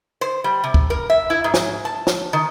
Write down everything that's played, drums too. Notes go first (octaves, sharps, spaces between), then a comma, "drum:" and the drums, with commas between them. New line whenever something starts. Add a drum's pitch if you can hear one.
C5
G3
C3
drum: kick
A#4
E5
E4
G#2
drum: snare
A5
drum: snare
D#3